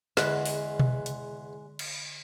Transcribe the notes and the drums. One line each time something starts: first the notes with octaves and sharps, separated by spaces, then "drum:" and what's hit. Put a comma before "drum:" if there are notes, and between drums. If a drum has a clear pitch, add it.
E2 D3 G#3 B4 F#5, drum: snare
drum: open hi-hat
drum: tom B2
drum: hi-hat
drum: cymbal